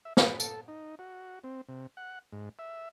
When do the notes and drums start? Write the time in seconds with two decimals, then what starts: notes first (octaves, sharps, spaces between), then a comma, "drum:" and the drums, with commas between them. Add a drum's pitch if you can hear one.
0.05 E5
0.17 B4, drum: snare
0.40 A4, drum: tambourine
0.68 D#4
0.99 F#4
1.44 C4
1.68 C3
1.97 F#5
2.32 G#2
2.59 E5